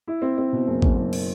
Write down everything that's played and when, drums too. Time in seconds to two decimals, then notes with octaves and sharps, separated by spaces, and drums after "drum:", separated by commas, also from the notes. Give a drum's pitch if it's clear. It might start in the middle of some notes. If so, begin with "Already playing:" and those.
0.08 E4
0.22 C4
0.38 C4
0.53 B2
0.68 F#1
0.82 F#1, drum: kick
0.97 F#1
1.13 drum: cymbal